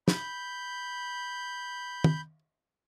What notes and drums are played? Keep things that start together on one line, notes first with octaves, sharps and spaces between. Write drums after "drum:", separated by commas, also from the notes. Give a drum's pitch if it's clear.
B5 G6, drum: snare
drum: tom